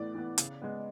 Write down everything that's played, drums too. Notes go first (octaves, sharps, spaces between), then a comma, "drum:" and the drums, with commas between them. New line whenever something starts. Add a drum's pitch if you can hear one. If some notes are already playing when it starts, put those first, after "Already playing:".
Already playing: A2 E3 B3 D5
E3 B3
C#3, drum: hi-hat
G#3 B3